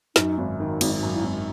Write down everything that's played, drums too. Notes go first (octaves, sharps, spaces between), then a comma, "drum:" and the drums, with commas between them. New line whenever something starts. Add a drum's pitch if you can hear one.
F#2 D#4, drum: snare
G#1
D#3
G#1 D#4, drum: cymbal
F#2
E4
G#1